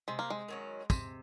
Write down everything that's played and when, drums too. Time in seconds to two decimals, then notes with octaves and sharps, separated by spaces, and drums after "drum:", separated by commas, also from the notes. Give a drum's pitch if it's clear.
0.08 C3 G#3
0.19 A#3
0.30 G#3
0.49 D#3 F#3 C#4
0.90 C3, drum: kick, tambourine